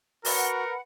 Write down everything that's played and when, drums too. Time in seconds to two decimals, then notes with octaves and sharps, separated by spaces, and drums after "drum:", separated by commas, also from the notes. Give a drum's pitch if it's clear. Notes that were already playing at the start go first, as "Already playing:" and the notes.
0.25 F#4 A#4 B4 F#5, drum: open hi-hat